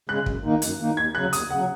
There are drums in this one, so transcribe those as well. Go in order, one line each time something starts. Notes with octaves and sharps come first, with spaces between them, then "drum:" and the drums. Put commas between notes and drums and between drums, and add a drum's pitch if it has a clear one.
C#3 G#3 F#6
F#2, drum: kick
D#3 A#3 D#4
F#2, drum: hi-hat
D#3 A#3 D#4
D#2 G#6
C#3 F#3 F#6
D#2 D#6, drum: hi-hat
C#3 F#3 F#5